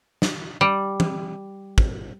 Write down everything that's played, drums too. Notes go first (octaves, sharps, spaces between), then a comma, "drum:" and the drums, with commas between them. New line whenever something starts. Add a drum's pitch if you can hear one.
drum: snare
G3
drum: tom E3
drum: kick